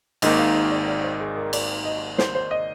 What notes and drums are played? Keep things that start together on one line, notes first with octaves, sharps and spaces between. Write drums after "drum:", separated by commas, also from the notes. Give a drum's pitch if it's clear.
G#1 G#2 D#3 A#3 D#4 D#5, drum: cymbal
F5
D#5
D5
D5
C5
G#4
A#4
D5, drum: cymbal
D#5
C5, drum: snare
C5
D#5